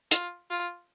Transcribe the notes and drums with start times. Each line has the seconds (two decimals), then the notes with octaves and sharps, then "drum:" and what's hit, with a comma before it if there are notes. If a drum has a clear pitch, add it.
0.11 F4, drum: hi-hat
0.50 F4